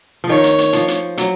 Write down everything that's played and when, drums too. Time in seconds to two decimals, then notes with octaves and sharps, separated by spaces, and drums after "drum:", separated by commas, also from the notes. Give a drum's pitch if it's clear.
0.24 F3
0.29 D#3 C#5
0.44 drum: hi-hat
0.58 drum: hi-hat
0.73 F3, drum: hi-hat
0.88 drum: hi-hat
1.18 F#3, drum: hi-hat